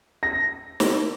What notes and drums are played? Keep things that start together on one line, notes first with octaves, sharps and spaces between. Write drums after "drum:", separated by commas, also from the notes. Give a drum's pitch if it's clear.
A#6
drum: snare